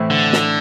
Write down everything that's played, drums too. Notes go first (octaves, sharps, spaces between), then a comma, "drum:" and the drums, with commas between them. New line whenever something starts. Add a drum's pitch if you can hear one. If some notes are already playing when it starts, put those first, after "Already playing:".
Already playing: A2 E3 A3 C4 E4
D3
drum: snare